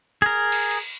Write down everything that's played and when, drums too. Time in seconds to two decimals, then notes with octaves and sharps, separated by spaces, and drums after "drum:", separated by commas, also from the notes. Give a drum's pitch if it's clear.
0.22 G#4 A#4
0.52 drum: cymbal
0.71 drum: cymbal